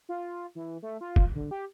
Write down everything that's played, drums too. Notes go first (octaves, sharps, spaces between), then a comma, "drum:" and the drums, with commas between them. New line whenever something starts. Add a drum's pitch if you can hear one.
F4
E3
A3
F4
drum: kick
D3
G4